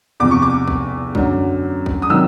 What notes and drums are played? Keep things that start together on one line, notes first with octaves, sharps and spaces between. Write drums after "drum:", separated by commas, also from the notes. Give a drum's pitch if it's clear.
E2 C3 F3 D6
C#6
D6
drum: kick
F#2 D3 F#3, drum: kick
drum: kick
D#6
C3 D#3 F#3 E6